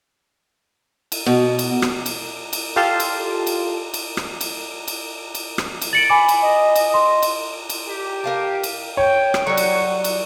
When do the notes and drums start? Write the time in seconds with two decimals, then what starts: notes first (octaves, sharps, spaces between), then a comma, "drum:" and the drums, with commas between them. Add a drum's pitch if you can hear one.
1.12 drum: cymbal
1.26 B2
1.59 drum: cymbal
1.82 drum: rim click
2.06 drum: cymbal
2.53 drum: cymbal
2.76 F4 G4 A4 F5 A5 C6
3.00 drum: cymbal
3.47 drum: cymbal
3.94 drum: cymbal
4.17 drum: rim click
4.41 drum: cymbal
4.88 drum: cymbal
5.35 drum: cymbal
5.58 drum: rim click
5.82 drum: cymbal
5.93 A6 C#7 D7 F#7
6.10 G#5 B5 D6
6.29 drum: cymbal
6.42 D#5
6.76 drum: cymbal
6.94 C6
7.23 drum: cymbal
7.70 drum: cymbal
7.89 G4
8.24 A#4 F5 A5
8.63 drum: cymbal
8.97 C#5 G5
9.34 drum: rim click
9.47 F#3 G3 F#5 G5 C#6
9.57 drum: cymbal
10.04 drum: cymbal